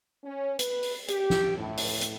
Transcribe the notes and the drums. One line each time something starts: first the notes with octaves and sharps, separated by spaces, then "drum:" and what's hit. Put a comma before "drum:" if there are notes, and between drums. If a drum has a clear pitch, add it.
C#4
B4, drum: hi-hat
drum: open hi-hat
G4, drum: hi-hat
drum: snare
A2
drum: open hi-hat
drum: hi-hat